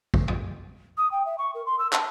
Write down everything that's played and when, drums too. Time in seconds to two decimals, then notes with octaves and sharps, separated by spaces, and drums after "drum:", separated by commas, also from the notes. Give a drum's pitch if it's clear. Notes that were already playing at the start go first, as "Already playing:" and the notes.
0.14 drum: kick
0.28 drum: tom F2
0.97 D#6
1.12 G5
1.25 E5
1.38 C#6
1.54 A#4
1.66 C6
1.79 E6
1.93 A5, drum: clap